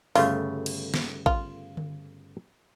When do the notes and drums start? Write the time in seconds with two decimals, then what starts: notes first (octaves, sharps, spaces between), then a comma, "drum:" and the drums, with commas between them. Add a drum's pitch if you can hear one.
0.15 G1 C#3 A3 F4, drum: open hi-hat
0.66 drum: cymbal
0.94 drum: snare
1.26 F4, drum: kick A1
1.77 drum: tom D3